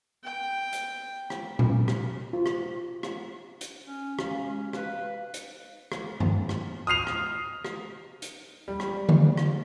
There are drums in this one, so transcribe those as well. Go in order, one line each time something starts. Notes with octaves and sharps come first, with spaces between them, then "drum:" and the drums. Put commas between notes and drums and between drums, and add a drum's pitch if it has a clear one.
G5
drum: hi-hat
drum: rim click
drum: tom A#2
drum: rim click
F4
drum: rim click
drum: rim click
drum: hi-hat
C#4
C#4 F5, drum: rim click
G#3
B4 F5, drum: rim click
drum: hi-hat
drum: rim click
drum: tom
drum: rim click
D#6 F6 C7 F7
drum: rim click
drum: rim click
drum: hi-hat
G3
drum: rim click
drum: tom D3
drum: rim click